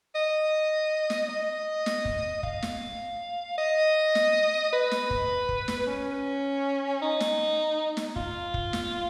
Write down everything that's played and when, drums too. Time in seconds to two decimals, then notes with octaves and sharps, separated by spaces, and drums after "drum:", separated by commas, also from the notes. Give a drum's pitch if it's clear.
0.15 D#5
1.10 drum: snare
1.29 D#5
1.86 drum: snare
2.05 drum: kick
2.43 F5, drum: kick
2.62 drum: snare
3.58 D#5
4.15 drum: snare
4.72 B4
4.91 drum: snare
5.11 drum: kick
5.49 drum: kick
5.68 drum: snare
5.87 C#4
7.02 D#4
7.20 drum: snare
7.97 drum: snare
8.16 F4, drum: kick
8.54 drum: kick
8.73 drum: snare